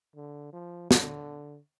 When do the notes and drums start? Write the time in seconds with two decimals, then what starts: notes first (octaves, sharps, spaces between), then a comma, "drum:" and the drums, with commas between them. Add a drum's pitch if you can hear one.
0.15 D3
0.53 F3
0.91 D3, drum: snare